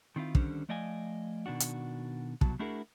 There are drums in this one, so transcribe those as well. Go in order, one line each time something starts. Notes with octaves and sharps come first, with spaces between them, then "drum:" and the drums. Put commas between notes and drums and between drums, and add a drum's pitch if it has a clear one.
D#3 C4 E4 F4
D3 D#3 G3 C#4 D4 C5, drum: kick
F3 A3 D5 D#5 F5 G#5
B2 D#3 D4 F#4
drum: hi-hat
C2 B2 F#3 A5, drum: kick
A3 D4 E4 F#4 G#4 A#4